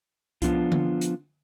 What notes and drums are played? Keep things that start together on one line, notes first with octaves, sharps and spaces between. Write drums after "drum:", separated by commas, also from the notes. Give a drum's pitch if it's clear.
F3 B3 D4 F4, drum: kick C2, hi-hat
drum: tom D3
drum: hi-hat